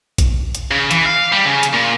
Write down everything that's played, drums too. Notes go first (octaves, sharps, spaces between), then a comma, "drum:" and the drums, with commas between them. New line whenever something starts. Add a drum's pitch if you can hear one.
drum: kick, hi-hat
drum: hi-hat
C#3
E3, drum: hi-hat
F5
G3
C#3
drum: hi-hat
A#2